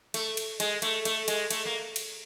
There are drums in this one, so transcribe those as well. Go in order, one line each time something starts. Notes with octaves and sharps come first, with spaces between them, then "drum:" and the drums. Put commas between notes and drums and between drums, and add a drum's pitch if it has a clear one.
A3, drum: cymbal
drum: cymbal
G#3, drum: cymbal
A3, drum: cymbal
A3, drum: cymbal
G#3, drum: cymbal
A3, drum: cymbal
A#3
drum: cymbal